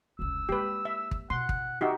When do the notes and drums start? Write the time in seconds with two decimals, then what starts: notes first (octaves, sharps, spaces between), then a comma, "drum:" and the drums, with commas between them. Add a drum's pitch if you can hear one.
0.19 F1 C#2 E6
0.49 G#3 A#3 G4 B4
0.85 E5
1.11 drum: kick
1.30 B2 E4 F#5 C6
1.49 drum: kick
1.81 D#4 F#4 G4 E5